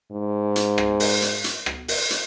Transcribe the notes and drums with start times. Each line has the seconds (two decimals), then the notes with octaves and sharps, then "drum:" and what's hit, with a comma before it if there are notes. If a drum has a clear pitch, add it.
0.12 G#2
0.56 drum: hi-hat
0.78 drum: rim click
1.00 drum: open hi-hat
1.22 drum: hi-hat
1.44 drum: hi-hat
1.66 drum: rim click
1.88 drum: open hi-hat
2.10 drum: hi-hat